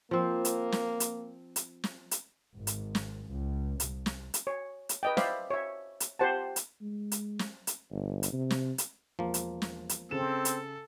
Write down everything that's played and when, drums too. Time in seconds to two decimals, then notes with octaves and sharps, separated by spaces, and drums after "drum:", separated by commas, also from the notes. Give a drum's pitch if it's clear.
0.11 F3 A#3 C4
0.45 drum: hi-hat
0.72 drum: snare
1.00 drum: hi-hat
1.56 drum: hi-hat
1.84 drum: snare
2.11 drum: hi-hat
2.56 G#1
2.67 drum: hi-hat
2.95 drum: snare
3.29 C#2
3.80 C2, drum: hi-hat
4.06 drum: snare
4.34 drum: hi-hat
4.47 C#5
4.89 drum: hi-hat
5.03 B4 D#5 G5
5.17 C5 D5 E5 F5 B5, drum: snare
5.50 C#5 E5
6.00 drum: hi-hat
6.19 G4 C5 F#5 A5
6.56 drum: hi-hat
6.81 G#3
7.12 drum: hi-hat
7.39 drum: snare
7.67 drum: hi-hat
7.91 G1
8.23 drum: hi-hat
8.33 C3
8.50 drum: snare
8.78 drum: hi-hat
9.19 E1 F3 A#3
9.34 drum: hi-hat
9.62 drum: snare
9.89 drum: hi-hat
10.11 C#3 C4 A4 E7
10.45 drum: hi-hat